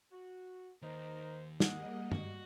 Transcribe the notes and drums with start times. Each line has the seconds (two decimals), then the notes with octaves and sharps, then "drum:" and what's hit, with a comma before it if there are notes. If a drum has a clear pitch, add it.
0.12 F#4
0.82 D#2 D#4 A#4 C5
1.60 G3 A#3 G#4 D#5 F#5, drum: snare
2.12 F#4, drum: tom G2